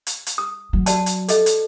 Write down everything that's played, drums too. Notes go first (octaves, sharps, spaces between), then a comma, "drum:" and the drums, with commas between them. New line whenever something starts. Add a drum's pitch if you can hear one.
drum: hi-hat
drum: hi-hat
D#6
F#3
F#4 D5 A5, drum: hi-hat
drum: hi-hat
A4 D#5, drum: hi-hat
drum: hi-hat